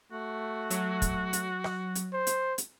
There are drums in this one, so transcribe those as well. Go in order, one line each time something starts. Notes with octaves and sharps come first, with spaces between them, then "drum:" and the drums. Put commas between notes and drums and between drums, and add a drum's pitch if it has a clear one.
A3 F#4
F#3, drum: hi-hat
drum: kick, hi-hat
drum: hi-hat
drum: rim click
drum: hi-hat
C5
drum: hi-hat
drum: hi-hat